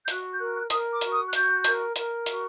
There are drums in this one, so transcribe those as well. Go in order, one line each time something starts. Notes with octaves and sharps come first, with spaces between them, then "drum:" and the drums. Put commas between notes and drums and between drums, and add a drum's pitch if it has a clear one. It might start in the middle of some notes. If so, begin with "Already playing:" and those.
G6
F#4 F#6, drum: hi-hat
G6
A#4 F#6
F#6
A#4 D#6, drum: hi-hat
D6
F#4, drum: hi-hat
D#6
F#6
F#4 G6, drum: hi-hat
A#4, drum: hi-hat
A#4, drum: hi-hat
F#4, drum: hi-hat